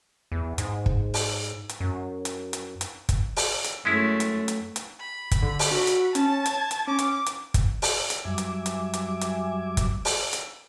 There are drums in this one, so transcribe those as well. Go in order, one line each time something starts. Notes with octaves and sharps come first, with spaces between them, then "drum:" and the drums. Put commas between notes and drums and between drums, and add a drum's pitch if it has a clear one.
E2
G#2, drum: hi-hat
drum: kick
drum: open hi-hat
drum: hi-hat
F#2
drum: hi-hat
drum: hi-hat
drum: hi-hat
drum: kick, hi-hat
drum: open hi-hat
drum: hi-hat
F#2 G#3 A3 C#4 E4
drum: hi-hat
drum: hi-hat
drum: hi-hat
B5
drum: kick, hi-hat
D3
drum: open hi-hat
F#4
drum: hi-hat
C#4 A5, drum: hi-hat
G#6, drum: hi-hat
drum: hi-hat
C#4 D6
drum: hi-hat
drum: hi-hat
drum: kick, hi-hat
drum: open hi-hat
drum: hi-hat
F#2 F#3 G3 E5 G#5 D6
drum: hi-hat
drum: hi-hat
drum: hi-hat
drum: hi-hat
drum: kick, hi-hat
drum: open hi-hat
drum: hi-hat